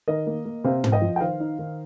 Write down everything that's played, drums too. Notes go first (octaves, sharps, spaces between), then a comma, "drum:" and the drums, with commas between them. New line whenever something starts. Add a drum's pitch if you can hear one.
D#3 A#4 D#5
A#3
A#3
C3 C5 F5
C4, drum: tom
D#5 G5
F3
G5
D#3 C5 F5
D#4
D#3